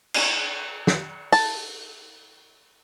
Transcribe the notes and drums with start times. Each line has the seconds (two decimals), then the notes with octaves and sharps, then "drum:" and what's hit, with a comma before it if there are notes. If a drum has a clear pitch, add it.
0.14 drum: cymbal
0.87 drum: snare
1.32 A5, drum: open hi-hat